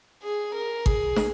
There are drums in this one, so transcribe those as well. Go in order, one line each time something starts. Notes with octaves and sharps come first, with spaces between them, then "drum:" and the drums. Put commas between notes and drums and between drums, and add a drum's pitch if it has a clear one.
G#4
A#4
G#4, drum: kick G#1
drum: snare